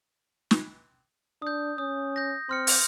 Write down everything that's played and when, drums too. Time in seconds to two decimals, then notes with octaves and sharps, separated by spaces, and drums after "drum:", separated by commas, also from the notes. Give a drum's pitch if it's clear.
0.51 drum: snare
1.42 D4 D#6 G6
1.78 C#4 D#6
2.16 G6 A#6
2.49 C4 C6 F6 C#7
2.67 drum: open hi-hat